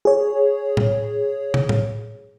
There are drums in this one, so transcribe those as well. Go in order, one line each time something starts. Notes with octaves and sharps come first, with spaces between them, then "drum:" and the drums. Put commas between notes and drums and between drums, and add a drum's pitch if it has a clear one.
G#4 C#5
drum: tom A2
drum: tom
drum: tom A2